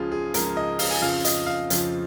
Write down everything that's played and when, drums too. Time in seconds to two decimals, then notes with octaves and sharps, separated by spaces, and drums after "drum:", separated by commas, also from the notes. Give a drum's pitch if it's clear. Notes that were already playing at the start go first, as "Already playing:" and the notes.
Already playing: C#2 C#3 F3 F4 G#4
0.12 G#4
0.34 C#2 C#3 F3 A#4, drum: hi-hat
0.57 D#5
0.79 F5, drum: open hi-hat
0.91 G#5
1.01 F2 C#3 F3 F5
1.25 D#5, drum: hi-hat
1.46 F5
1.70 F2 C#3 F3, drum: hi-hat